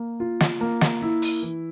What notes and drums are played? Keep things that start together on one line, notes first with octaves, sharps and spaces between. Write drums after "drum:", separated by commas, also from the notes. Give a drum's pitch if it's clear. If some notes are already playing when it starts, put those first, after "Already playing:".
Already playing: A#3
F4
drum: snare
A#3
drum: snare
E4
drum: open hi-hat
E3